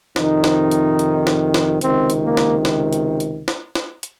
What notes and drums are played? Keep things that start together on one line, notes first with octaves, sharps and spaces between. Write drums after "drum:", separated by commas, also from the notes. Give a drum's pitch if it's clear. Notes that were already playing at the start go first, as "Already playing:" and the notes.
F2 C3 D#3 D#4, drum: snare
drum: snare
drum: hi-hat
drum: hi-hat
drum: snare
drum: snare
C#2 C3 D#3 C4, drum: hi-hat
drum: hi-hat
A#3
drum: snare
drum: snare
drum: hi-hat
drum: hi-hat
drum: snare
drum: snare
drum: hi-hat